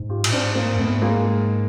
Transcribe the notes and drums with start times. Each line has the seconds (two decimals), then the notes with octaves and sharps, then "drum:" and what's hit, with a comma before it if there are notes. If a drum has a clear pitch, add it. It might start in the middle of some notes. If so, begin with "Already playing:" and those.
Already playing: G#2
0.09 F4 G4
0.24 A2, drum: cymbal
0.32 G#2 C4 D4
0.55 A#3 C4
0.73 G2
0.79 G#2 A3 B3
1.02 G#3 A#3